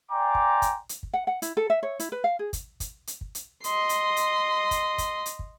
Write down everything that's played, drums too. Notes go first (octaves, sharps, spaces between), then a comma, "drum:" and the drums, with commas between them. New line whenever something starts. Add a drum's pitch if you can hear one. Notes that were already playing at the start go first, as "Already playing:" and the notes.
D5 G5 G#5 A#5 C6 D6
drum: kick
drum: kick, hi-hat
drum: hi-hat
drum: kick
F#5
F#5
E4, drum: hi-hat
A4
E5
C#5
E4, drum: hi-hat
B4
F5
G#4
drum: kick, hi-hat
drum: kick, hi-hat
drum: hi-hat
drum: kick
drum: hi-hat
D#5 C6, drum: hi-hat
drum: hi-hat
drum: hi-hat
drum: kick, hi-hat
drum: kick, hi-hat
drum: hi-hat
drum: kick